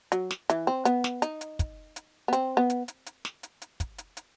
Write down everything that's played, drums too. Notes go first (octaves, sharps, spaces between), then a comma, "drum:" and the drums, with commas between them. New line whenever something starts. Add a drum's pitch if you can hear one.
F#3, drum: hi-hat
drum: snare
E3, drum: hi-hat
C4
B3, drum: hi-hat
drum: snare
D#4, drum: hi-hat
drum: hi-hat
drum: kick, hi-hat
drum: hi-hat
B3
C4, drum: hi-hat
B3
drum: hi-hat
drum: hi-hat
drum: hi-hat
drum: snare
drum: hi-hat
drum: hi-hat
drum: kick, hi-hat
drum: hi-hat
drum: hi-hat